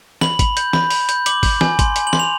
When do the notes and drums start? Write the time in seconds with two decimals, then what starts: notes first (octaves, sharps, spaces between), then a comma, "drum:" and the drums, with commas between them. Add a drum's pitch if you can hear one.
0.21 B5 F#7, drum: snare
0.39 B5, drum: kick G#1, hi-hat
0.57 G6, drum: hi-hat
0.73 B5, drum: snare
0.90 B5, drum: open hi-hat
1.09 G6, drum: hi-hat
1.26 D6 F#7, drum: hi-hat
1.43 G6, drum: kick G#1, open hi-hat
1.61 G#5, drum: snare
1.79 C6, drum: kick G#1, hi-hat
1.96 G#5, drum: hi-hat
2.07 F#7
2.13 C6, drum: snare
2.20 F7